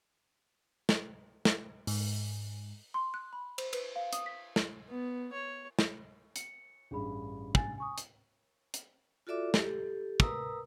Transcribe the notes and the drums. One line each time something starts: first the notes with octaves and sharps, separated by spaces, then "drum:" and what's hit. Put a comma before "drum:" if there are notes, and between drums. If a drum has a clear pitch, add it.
drum: snare
drum: snare
G#2, drum: open hi-hat
C6
F#6
B5
C5, drum: cymbal
B4, drum: cymbal
F5
D#6, drum: hi-hat
B6
drum: snare
B3
C#5
drum: snare
C#7, drum: hi-hat
A1 G2 D4 G#4 B5
G#5 A6, drum: kick
G#5 C#6 D#6
drum: hi-hat
drum: hi-hat
F4 F#4 A4 D5 E5 D6
G4 A4, drum: snare
A#4 B4 A#5 D#6 E6, drum: kick